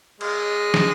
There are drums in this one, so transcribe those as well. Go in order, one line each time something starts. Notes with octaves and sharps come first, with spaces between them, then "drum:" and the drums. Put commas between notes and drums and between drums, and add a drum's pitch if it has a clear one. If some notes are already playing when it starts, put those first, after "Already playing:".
G#3, drum: cymbal
drum: snare